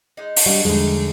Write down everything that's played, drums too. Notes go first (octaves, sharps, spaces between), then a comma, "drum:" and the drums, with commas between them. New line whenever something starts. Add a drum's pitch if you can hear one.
G#3 D#4
drum: open hi-hat
G3 D4 D5 F#5
E2 D3 E3 F3 G3 G#3 D#4